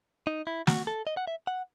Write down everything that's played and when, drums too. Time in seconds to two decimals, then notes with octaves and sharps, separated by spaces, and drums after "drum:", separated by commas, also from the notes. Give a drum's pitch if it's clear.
0.27 D#4
0.47 E4
0.67 F#4, drum: snare
0.87 A4
1.07 D#5
1.17 F#5
1.27 E5
1.47 F#5